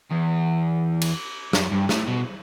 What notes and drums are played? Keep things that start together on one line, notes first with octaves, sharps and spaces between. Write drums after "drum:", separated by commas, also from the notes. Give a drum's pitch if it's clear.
E2
drum: cymbal
F#2, drum: snare
G2
A2, drum: snare
B2